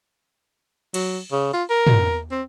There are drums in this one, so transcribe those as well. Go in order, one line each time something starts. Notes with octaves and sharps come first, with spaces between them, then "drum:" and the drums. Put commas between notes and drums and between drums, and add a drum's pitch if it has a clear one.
F#3, drum: cymbal
C#3
F4
A#4
drum: tom
C4